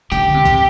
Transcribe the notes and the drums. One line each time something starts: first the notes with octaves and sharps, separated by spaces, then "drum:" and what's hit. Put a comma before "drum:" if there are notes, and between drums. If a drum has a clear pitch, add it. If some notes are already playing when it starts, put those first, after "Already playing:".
D3 G4, drum: tambourine
C3
drum: kick B1, tambourine